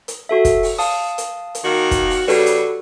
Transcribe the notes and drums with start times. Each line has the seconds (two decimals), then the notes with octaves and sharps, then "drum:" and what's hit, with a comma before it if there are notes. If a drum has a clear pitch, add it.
0.08 drum: hi-hat
0.29 F#4 A4 E5
0.45 drum: kick, hi-hat
0.63 drum: open hi-hat
0.78 F5 A5 D#6, drum: open hi-hat
1.18 drum: hi-hat
1.55 drum: hi-hat
1.65 D#3 A#3 F#4
1.91 drum: kick, hi-hat
2.10 drum: open hi-hat
2.28 C#3 G3 F#4 A4 B4, drum: open hi-hat
2.46 drum: hi-hat